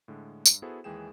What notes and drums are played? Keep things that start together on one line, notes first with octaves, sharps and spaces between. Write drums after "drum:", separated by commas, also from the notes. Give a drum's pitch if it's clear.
A2 D3 G#3
G2, drum: tambourine
B3 E4 F#4 G#4 A4 C5
D#2 E3 G#3 G#4 G5 E7